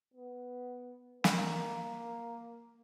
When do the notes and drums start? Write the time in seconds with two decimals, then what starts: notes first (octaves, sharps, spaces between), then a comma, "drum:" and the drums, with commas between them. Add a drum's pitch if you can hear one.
0.14 B3
1.24 A#3, drum: snare